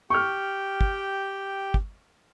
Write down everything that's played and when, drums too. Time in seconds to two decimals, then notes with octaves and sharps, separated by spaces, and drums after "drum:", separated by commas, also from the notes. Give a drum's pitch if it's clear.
0.10 G4 G5 C#6 F6
0.81 drum: kick
1.74 drum: kick